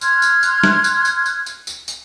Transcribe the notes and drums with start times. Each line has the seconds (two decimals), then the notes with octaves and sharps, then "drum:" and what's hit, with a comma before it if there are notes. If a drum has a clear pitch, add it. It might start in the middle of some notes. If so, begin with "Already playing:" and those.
0.01 C6 F6 F#6 G#6, drum: tambourine
0.22 drum: tambourine
0.43 drum: tambourine
0.64 drum: snare
0.84 drum: tambourine
1.05 drum: tambourine
1.26 drum: tambourine
1.46 drum: tambourine
1.67 drum: tambourine
1.88 drum: tambourine